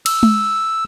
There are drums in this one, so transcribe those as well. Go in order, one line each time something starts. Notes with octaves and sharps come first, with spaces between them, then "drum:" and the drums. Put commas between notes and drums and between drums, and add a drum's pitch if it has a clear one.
E6, drum: cymbal
drum: tom G#3